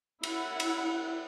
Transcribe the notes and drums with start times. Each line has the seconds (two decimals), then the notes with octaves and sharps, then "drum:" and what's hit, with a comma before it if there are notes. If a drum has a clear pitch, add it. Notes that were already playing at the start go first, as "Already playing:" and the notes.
0.23 E4 F#5, drum: cymbal
0.60 drum: cymbal